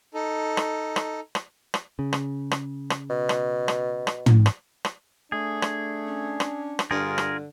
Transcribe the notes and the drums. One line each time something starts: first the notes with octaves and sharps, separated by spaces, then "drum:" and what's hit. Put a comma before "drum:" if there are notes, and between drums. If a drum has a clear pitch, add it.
D#4 A4
drum: rim click
drum: rim click
drum: rim click
drum: rim click
C#3
drum: rim click
drum: rim click
drum: rim click
B2
drum: rim click
drum: rim click
drum: rim click
drum: tom
drum: rim click
drum: rim click
A3 D4 G#4
drum: rim click
C#4
drum: rim click
drum: rim click
G2 D3 F4 G#4 A#4
drum: rim click